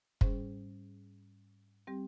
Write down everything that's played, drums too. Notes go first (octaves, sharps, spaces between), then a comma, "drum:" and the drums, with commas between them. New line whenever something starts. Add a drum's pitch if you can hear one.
G#2 G3 C#4 G#4 C5, drum: kick
G3 C4 G4